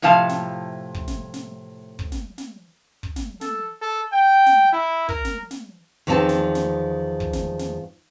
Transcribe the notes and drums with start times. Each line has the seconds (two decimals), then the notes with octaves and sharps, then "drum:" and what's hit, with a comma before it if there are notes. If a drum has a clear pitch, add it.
0.02 A2 C3 F3 F5 A5
0.29 drum: snare
0.94 drum: kick
1.08 drum: snare
1.34 drum: snare
1.99 drum: kick
2.12 drum: snare
2.38 drum: snare
3.03 drum: kick
3.16 drum: snare
3.41 A4, drum: snare
3.81 A4
4.12 G5
4.46 drum: snare
4.73 E4
5.09 A#4, drum: kick
5.25 drum: snare
5.51 drum: snare
6.07 E2 D#3 F3 C4 G5 A5
6.29 drum: snare
6.55 drum: snare
7.20 drum: kick
7.33 drum: snare
7.59 drum: snare